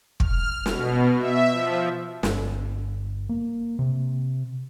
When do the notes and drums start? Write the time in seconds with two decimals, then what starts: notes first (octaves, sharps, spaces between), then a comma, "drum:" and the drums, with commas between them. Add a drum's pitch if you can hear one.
0.20 F6, drum: kick
0.66 B2, drum: snare
1.18 E5
1.52 F3
2.23 G1, drum: snare
3.29 A#3
3.79 C3